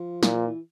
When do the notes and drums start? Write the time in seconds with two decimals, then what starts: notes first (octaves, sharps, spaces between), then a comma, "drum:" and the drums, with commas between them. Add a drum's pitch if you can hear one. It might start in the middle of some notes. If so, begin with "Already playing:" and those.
Already playing: F3
0.23 A#2 E3, drum: snare
0.34 F3
0.47 E3